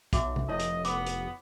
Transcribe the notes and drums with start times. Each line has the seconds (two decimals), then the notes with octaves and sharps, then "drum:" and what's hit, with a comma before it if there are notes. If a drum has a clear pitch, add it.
0.13 B1 F#4 E5 D6, drum: kick, hi-hat
0.36 drum: tom C3
0.49 F1 E4 C#5 D#5
0.60 drum: hi-hat
0.85 B3 D6, drum: hi-hat
1.06 drum: hi-hat